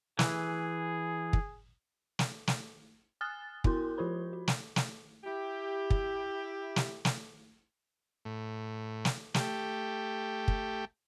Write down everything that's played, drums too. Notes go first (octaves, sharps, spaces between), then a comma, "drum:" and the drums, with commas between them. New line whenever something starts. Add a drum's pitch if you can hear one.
E3 G#4, drum: snare
drum: kick
drum: snare
drum: snare
G#5 D#6 F6 F#6 A6 G7
B3 E4 F#4 A#4 C6 G6, drum: kick
F3 F4 G4 C5 B5
F#4
drum: snare
drum: snare
E4 G4
drum: kick
drum: snare
drum: snare
A2
drum: snare
A3 G4, drum: snare
drum: kick